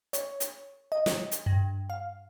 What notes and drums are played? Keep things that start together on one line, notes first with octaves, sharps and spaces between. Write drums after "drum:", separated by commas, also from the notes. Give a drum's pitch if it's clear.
C#5, drum: hi-hat
drum: hi-hat
D#5
drum: snare
drum: hi-hat
G2
F5